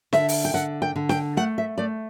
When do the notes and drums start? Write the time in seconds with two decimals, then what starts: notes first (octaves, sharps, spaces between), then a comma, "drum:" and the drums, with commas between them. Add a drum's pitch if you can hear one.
0.13 D3 E5, drum: snare
0.28 drum: open hi-hat
0.45 G5
0.54 D3 F#5
0.82 G5
0.96 D3
1.09 G5, drum: snare
1.37 A3 F#5
1.58 E5
1.78 A3 D5